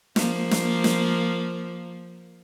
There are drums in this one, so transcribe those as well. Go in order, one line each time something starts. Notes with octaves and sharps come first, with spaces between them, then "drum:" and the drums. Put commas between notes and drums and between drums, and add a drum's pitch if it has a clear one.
F3 A#3, drum: snare
drum: snare
drum: snare